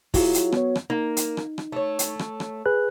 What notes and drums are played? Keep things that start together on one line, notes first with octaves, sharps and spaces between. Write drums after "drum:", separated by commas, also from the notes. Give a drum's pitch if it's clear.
F#3 E4 F4 G#4, drum: kick, open hi-hat
drum: hi-hat
B3 C#5, drum: rim click
drum: rim click
A#3 D#4
drum: hi-hat
drum: rim click
drum: rim click
A3 C#5
drum: hi-hat
drum: rim click
drum: rim click
G#4 B4 F#6